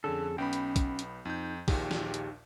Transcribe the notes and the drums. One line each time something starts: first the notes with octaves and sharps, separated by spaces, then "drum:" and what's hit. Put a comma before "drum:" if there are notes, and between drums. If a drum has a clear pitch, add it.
F2 D3 C#4 G#4 A4
B1 B3 C#4 G5 B5
drum: hi-hat
drum: kick, hi-hat
drum: hi-hat
F2 D#4 G6
A#1 D#2 A#2 D#4 G4 G#4, drum: kick, open hi-hat
drum: snare
drum: hi-hat